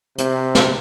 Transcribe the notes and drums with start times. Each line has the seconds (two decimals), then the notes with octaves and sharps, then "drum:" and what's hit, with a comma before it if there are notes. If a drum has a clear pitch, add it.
0.18 C3, drum: hi-hat
0.55 drum: snare